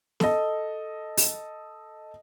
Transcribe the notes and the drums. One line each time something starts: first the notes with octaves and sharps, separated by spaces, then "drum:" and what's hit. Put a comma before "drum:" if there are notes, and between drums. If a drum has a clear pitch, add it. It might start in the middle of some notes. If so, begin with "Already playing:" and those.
A4 D#5, drum: snare
drum: open hi-hat